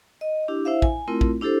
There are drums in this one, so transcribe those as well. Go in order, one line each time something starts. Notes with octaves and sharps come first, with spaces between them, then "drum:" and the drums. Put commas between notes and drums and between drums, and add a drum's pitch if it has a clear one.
D#5
D4 E4 G4
E4 C5 E5 F5
G#5, drum: kick
A3 C4 E4 F4 A#4
drum: kick
D4 E4 G4 A4 C5